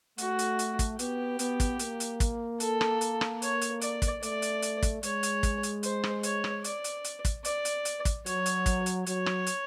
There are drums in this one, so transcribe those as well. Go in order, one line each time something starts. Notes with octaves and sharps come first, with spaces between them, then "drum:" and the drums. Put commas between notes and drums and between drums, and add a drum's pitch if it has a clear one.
A3 F#4, drum: hi-hat
drum: hi-hat
drum: hi-hat
drum: kick, hi-hat
B3 G4, drum: hi-hat
B3, drum: hi-hat
drum: kick, hi-hat
A#3, drum: hi-hat
drum: hi-hat
drum: kick, hi-hat
A4, drum: hi-hat
drum: rim click
drum: hi-hat
drum: rim click
C#5, drum: hi-hat
drum: hi-hat
D5, drum: hi-hat
drum: kick, hi-hat
A3 D5, drum: hi-hat
drum: hi-hat
drum: hi-hat
drum: kick, hi-hat
G#3 C#5, drum: hi-hat
drum: hi-hat
drum: kick, hi-hat
drum: hi-hat
C5, drum: hi-hat
drum: rim click
C#5, drum: hi-hat
drum: rim click
D5, drum: hi-hat
drum: hi-hat
drum: hi-hat
drum: kick, hi-hat
D5, drum: hi-hat
drum: hi-hat
drum: hi-hat
drum: kick, hi-hat
F#3 C#5, drum: hi-hat
drum: hi-hat
drum: kick, hi-hat
drum: hi-hat
F#3 C#5, drum: hi-hat
drum: rim click
drum: hi-hat